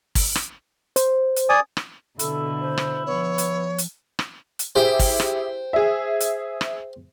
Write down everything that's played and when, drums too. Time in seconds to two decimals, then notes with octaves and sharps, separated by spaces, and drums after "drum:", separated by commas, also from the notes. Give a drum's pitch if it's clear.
0.15 drum: kick, open hi-hat
0.36 drum: rim click
0.96 C5, drum: hi-hat
1.36 drum: hi-hat
1.49 D5 G#5 D#6
1.77 drum: rim click
2.19 B2 D3 E4 A4, drum: hi-hat
2.61 C5
2.78 drum: rim click
3.06 F3 B3 C#5
3.38 drum: hi-hat
3.78 drum: hi-hat
4.19 drum: rim click
4.59 drum: hi-hat
4.76 E4 G4 G#4 C5 G5
4.99 drum: kick, open hi-hat
5.20 drum: rim click
5.73 G#4 E5
6.20 drum: hi-hat
6.61 drum: rim click